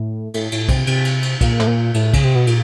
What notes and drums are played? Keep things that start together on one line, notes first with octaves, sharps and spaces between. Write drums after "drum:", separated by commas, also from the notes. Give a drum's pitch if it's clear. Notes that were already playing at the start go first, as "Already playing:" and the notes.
Already playing: A2
A2, drum: cymbal
A2, drum: cymbal
C3, drum: kick, cymbal
C3, drum: cymbal
drum: cymbal
drum: cymbal
A#2, drum: kick, cymbal
A2, drum: snare
A#2
A2, drum: cymbal
C#3, drum: kick, cymbal
C3
B2
A#2, drum: cymbal